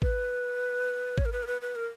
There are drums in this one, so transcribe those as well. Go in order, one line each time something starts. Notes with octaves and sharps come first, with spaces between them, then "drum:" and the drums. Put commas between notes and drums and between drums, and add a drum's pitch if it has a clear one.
B4, drum: kick
C#5, drum: kick
A#4
B4
A#4
B4
B4
A#4